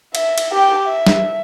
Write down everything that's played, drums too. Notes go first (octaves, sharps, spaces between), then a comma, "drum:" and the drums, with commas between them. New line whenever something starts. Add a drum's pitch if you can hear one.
E5, drum: cymbal
drum: cymbal
G4 G5
E5
drum: snare